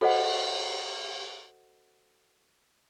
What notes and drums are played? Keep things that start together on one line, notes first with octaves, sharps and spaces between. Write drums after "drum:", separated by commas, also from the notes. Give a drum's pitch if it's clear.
F#4 A4 C5 D#5 F#5, drum: cymbal